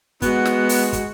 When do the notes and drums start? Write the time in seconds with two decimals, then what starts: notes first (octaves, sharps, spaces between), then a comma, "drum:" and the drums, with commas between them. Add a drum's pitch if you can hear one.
0.22 G#3 B3 F#4, drum: kick, hi-hat
0.45 drum: snare
0.69 drum: open hi-hat
0.93 drum: kick, hi-hat